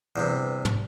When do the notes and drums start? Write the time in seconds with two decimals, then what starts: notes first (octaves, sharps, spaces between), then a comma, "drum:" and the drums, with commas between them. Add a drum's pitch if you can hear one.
0.16 E2 G2 C3
0.65 drum: tom